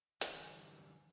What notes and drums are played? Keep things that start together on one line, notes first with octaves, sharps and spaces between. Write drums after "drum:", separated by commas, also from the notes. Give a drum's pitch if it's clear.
D3 E3 G3 G#5, drum: hi-hat